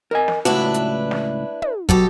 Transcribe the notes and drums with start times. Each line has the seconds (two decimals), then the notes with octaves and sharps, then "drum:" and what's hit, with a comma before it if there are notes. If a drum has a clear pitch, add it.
0.11 A#4 D#5 G#5
0.28 drum: snare
0.45 C#2 A2 D4 E4 F#4 B4
0.74 drum: hi-hat
1.11 drum: snare
1.62 drum: tom
1.89 B2 F#3 G4 A4, drum: kick